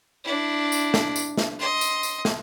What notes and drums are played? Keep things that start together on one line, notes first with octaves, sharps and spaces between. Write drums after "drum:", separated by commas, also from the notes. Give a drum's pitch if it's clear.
D4 E4
drum: tambourine
drum: snare
drum: tambourine
drum: snare
D#5 C6
drum: tambourine
drum: tambourine
drum: snare